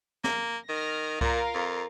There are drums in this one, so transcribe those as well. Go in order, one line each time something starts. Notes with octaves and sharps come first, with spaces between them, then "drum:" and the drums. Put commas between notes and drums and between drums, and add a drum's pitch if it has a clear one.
A#3, drum: snare
D#3 F6 A#6
A#2 F4 A#4 F5, drum: kick C2
F2